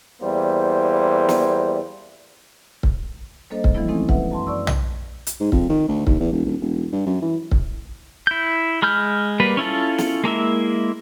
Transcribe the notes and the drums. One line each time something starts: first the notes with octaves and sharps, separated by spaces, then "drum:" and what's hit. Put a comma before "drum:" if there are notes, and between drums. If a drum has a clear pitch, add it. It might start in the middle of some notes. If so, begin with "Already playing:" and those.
E2 G3 A#3 C5
drum: snare
drum: kick C#1
G3 A#3 D4 A4 C5 D#5
drum: kick C#1
E3 F3 G3 A3 B3 E4
G#3 A3 C4 C#4 D#4 A4
B4 E5 F#5, drum: kick C#1
F#2 A5 C6
D5 A5 C#6 E6
drum: tom
drum: hi-hat
G#2
F2, drum: kick C#1
D#3
D2
D#2, drum: kick C#1
E2
E1
D#1
E1
G2
F#2
E3
drum: kick C#1
E4 G6
G#3 B5 F6 G6
G3 A#3 B4
C#4 E4 F4 A4
drum: snare
G#3 A#3 E4 E5